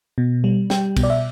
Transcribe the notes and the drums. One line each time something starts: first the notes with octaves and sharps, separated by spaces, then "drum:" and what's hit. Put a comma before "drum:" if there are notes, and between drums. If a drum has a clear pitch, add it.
B2
G3
G3 G5, drum: snare
B2, drum: kick, cymbal
D5
E5